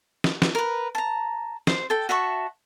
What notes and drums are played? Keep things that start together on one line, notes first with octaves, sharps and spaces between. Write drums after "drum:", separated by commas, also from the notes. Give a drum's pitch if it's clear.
drum: snare
drum: snare
A#4 B4
A5 A#5
C5, drum: snare
A4 G5
F#4 E5 A5 C#6